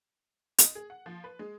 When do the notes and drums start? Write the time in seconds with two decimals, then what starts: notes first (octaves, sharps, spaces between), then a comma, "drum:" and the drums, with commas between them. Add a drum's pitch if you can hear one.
0.58 D#5, drum: hi-hat
0.75 G#4
0.90 F#5
1.06 F3
1.24 B4
1.39 G#3